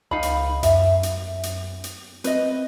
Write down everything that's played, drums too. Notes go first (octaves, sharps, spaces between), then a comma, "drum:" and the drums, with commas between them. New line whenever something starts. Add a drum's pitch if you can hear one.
C#2 D#4 F5 B5
drum: hi-hat
F#2 E5, drum: hi-hat
drum: hi-hat
drum: hi-hat
drum: hi-hat
C4 B4 D#5, drum: hi-hat